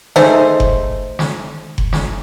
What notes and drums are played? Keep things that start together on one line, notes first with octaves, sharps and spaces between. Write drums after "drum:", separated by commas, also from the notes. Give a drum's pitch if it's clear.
A3 D#4 G#4 C5, drum: snare
drum: kick F#1
drum: snare
drum: kick F#1
drum: snare